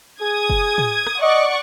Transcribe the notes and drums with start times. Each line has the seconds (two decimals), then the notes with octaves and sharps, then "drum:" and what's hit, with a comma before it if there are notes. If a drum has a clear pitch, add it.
0.21 G#4 D#6 G#6
0.50 drum: kick F1
0.78 drum: tom
1.07 drum: rim click
1.22 D5 D#5 F#5 C#6